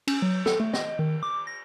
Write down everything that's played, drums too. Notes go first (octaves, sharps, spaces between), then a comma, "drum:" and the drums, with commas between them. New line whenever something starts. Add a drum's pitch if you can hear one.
C#4, drum: cymbal
F#3
A4, drum: snare
A3
D#5, drum: snare
D#3
D6
A#6